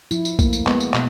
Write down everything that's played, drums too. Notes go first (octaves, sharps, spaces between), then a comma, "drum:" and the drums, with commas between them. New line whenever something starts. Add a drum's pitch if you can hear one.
F3 E4, drum: tambourine
drum: tambourine
A3 A#3, drum: kick A#1, tambourine
drum: tambourine
G#3 B3, drum: clap
drum: tambourine
B2, drum: clap